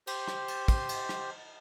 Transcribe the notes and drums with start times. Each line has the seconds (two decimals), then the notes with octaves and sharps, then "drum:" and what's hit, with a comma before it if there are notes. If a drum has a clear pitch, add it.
0.07 G4 C5, drum: cymbal
0.28 drum: rim click
0.48 drum: cymbal
0.68 drum: kick, cymbal
0.89 drum: cymbal
1.09 drum: rim click